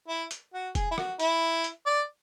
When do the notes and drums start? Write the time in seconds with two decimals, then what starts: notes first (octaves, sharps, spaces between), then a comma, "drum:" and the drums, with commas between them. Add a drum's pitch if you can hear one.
0.08 E4
0.31 drum: hi-hat
0.54 F#4
0.75 G#4, drum: kick E1, hi-hat
0.91 E4
0.98 F#4, drum: rim click
1.20 E4, drum: hi-hat
1.64 drum: hi-hat
1.86 D5